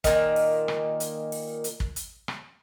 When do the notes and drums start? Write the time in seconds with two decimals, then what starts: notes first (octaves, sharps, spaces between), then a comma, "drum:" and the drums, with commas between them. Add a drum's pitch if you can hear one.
0.04 A#2 D#3, drum: kick, hi-hat
0.36 drum: open hi-hat
0.68 drum: rim click
1.00 drum: hi-hat
1.32 drum: open hi-hat
1.64 drum: hi-hat
1.80 drum: kick
1.96 drum: hi-hat
2.28 drum: rim click